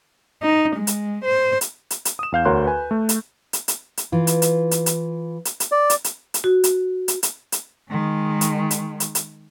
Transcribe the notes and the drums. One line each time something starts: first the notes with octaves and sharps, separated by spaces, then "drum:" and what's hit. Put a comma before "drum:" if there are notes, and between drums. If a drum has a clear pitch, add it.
D#4
G#3
drum: hi-hat
C5
drum: hi-hat
drum: hi-hat
drum: hi-hat
D#6 E7
E2 F5 G6
D2 F#4 A#4 C#5 C6 F#6
B4 G#5
A3
drum: hi-hat
drum: hi-hat
drum: hi-hat
drum: hi-hat
E3 F4
drum: hi-hat
drum: hi-hat
drum: hi-hat
drum: hi-hat
drum: hi-hat
drum: hi-hat
D5
drum: hi-hat
drum: hi-hat
drum: hi-hat
F#4
drum: hi-hat
drum: hi-hat
drum: hi-hat
drum: hi-hat
D#3 G#3
drum: hi-hat
drum: hi-hat
drum: hi-hat
drum: hi-hat